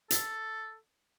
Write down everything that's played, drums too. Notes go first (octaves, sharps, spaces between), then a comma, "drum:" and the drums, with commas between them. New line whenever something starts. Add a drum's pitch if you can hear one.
A4, drum: hi-hat